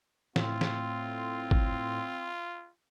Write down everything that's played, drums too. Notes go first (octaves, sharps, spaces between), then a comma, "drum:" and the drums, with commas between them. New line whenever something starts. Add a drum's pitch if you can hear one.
A2 C4 F4, drum: snare
drum: snare
drum: kick G#1